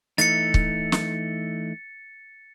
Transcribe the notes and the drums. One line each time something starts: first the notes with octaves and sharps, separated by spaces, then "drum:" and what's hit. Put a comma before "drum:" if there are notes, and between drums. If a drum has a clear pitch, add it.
E3 A3 D#4 A6 C#7, drum: hi-hat
drum: kick
drum: snare